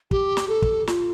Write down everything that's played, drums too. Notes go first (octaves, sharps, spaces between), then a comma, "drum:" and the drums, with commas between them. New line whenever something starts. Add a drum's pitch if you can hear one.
G4, drum: kick
drum: snare
A4
drum: kick
F4, drum: snare